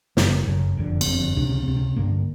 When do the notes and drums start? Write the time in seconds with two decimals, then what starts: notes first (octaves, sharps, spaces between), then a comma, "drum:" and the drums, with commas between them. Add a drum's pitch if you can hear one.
0.17 F#1 F#2 C#3, drum: snare
0.47 F#1 F#2 C#3
0.77 F#1 F2 D3
1.01 B3, drum: cymbal
1.06 F#1 F2 D3 C4
1.36 C#2 C3 D4
1.49 C#4
1.63 C#2 C3 C4
1.77 C#4
1.96 G#1 G2 D3 A#3